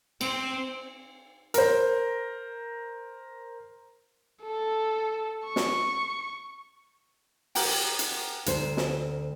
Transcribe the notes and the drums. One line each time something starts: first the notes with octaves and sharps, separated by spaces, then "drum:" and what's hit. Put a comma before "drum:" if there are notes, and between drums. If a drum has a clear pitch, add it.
C4, drum: cymbal
A#4 C5, drum: hi-hat
A4
C#6
drum: snare
A#4 F#5 G5, drum: open hi-hat
drum: hi-hat
D2 C5, drum: hi-hat
drum: snare